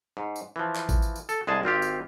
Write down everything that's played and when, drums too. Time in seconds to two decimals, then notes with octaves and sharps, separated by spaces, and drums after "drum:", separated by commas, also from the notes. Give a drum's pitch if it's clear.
0.17 G#2
0.36 drum: tambourine
0.56 E3 F3
0.76 drum: clap
0.89 drum: kick A1, tambourine
1.02 drum: tambourine
1.16 drum: tambourine
1.29 A4, drum: tambourine
1.47 C2 G#3 G#4 A5
1.63 G#1 C4 F4 G4
1.82 drum: tambourine